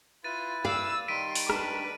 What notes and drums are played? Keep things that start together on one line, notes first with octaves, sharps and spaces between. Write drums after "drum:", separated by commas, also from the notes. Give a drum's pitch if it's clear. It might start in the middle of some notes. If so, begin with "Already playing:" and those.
E4 F4 B4 A6 D#7
D5 F5 E6
D#3 G3 C6 B6 D7 D#7
drum: open hi-hat
D4 B4, drum: rim click